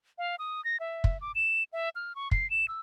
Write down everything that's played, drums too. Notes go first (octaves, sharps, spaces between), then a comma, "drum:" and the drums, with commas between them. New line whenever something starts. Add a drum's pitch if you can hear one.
F5
D#6
A#6
E5
drum: kick
D6
E7
E5
F6
C#6
C7, drum: kick
E7
E6